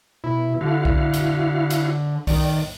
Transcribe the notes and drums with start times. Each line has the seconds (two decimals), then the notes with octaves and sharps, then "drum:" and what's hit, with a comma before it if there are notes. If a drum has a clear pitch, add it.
0.24 B2 E4
0.61 D3 E4 F#4 F5
0.85 drum: kick B1
1.14 drum: hi-hat
1.70 drum: hi-hat
2.27 D#3 D5, drum: kick B1, open hi-hat